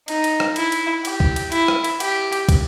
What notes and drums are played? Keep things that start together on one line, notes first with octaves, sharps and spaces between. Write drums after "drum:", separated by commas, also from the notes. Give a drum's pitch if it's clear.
D#4, drum: cymbal
drum: cymbal
drum: rim click
E4, drum: cymbal
drum: cymbal
G4, drum: cymbal
drum: kick
drum: cymbal
E4, drum: cymbal
drum: rim click
drum: cymbal
G4, drum: cymbal
drum: cymbal
drum: kick, cymbal